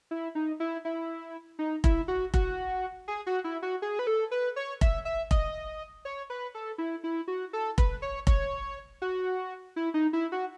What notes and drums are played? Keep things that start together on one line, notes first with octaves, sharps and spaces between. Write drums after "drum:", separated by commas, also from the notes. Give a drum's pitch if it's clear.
E4
D#4
E4
E4
D#4
E4, drum: kick F1
F#4
F#4, drum: kick F1
G#4
F#4
E4
F#4
G#4
B4
A4
B4
C#5
E5, drum: kick F1
E5
D#5, drum: kick F1
C#5
B4
A4
E4
E4
F#4
A4
B4, drum: kick F1
C#5
C#5, drum: kick F1
F#4
E4
D#4
E4
F#4